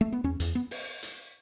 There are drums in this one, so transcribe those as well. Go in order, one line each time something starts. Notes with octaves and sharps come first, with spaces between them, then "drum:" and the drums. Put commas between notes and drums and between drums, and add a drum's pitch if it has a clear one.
A3
B3
E2 C#4
E2, drum: hi-hat
B3
drum: open hi-hat
drum: hi-hat